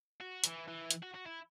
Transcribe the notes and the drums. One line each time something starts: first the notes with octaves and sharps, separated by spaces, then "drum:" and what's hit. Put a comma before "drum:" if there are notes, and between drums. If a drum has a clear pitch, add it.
F#4
E3, drum: hi-hat
E3
drum: hi-hat
F#4
F#4
E4